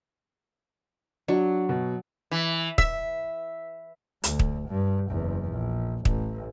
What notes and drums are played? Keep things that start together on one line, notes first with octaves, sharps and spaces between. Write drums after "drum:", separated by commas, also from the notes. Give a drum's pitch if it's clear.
F#3 D4
B2
E3
E5, drum: kick
D2, drum: hi-hat
drum: kick
G2
F#1 E2
A#1
A1, drum: kick